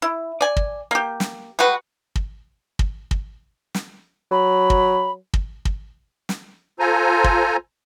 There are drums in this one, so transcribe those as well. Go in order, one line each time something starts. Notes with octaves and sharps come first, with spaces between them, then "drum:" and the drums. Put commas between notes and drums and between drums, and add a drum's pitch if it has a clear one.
E4
D5 G#5
drum: kick
A#3 G4
drum: snare
G3 G#3 F#4 B4
drum: kick
drum: kick
drum: kick
drum: snare
F#3 B5
drum: kick
drum: kick
drum: kick
drum: snare
F4 A4 C5 G#5 A#5
drum: kick